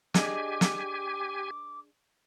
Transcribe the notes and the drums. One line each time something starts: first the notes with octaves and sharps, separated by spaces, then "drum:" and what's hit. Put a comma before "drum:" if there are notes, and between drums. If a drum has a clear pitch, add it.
D4 G4 G#4 D#5 G#5 D6, drum: snare
drum: snare